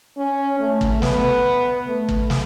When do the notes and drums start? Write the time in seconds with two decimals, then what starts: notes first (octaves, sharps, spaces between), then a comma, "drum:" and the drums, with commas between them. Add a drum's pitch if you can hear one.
0.17 C#4
0.60 A3
0.81 drum: kick
1.02 B3, drum: snare
1.88 A3
2.09 drum: kick
2.30 drum: snare